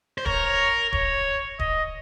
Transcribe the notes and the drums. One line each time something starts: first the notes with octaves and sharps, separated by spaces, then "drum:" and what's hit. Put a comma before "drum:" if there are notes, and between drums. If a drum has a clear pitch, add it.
C5
A#4 C#5, drum: kick
C#5, drum: kick
D#5, drum: kick